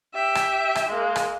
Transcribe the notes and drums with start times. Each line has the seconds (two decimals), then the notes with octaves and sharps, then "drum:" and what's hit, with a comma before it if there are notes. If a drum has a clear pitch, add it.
0.14 G4 E5
0.35 drum: rim click
0.75 drum: rim click
0.89 G#3 A#3
1.16 drum: rim click